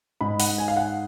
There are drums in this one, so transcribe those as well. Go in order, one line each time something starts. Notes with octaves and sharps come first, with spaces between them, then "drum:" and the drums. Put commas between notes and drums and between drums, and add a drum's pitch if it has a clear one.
G#2 B5
F#5, drum: open hi-hat
G#5
F5
F#5